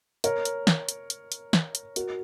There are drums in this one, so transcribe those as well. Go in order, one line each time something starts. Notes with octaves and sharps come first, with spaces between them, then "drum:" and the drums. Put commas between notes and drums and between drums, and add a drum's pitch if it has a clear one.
A#4 C#5, drum: hi-hat
drum: hi-hat
drum: snare
drum: hi-hat
drum: hi-hat
drum: hi-hat
drum: snare
drum: hi-hat
F#4 A#4, drum: hi-hat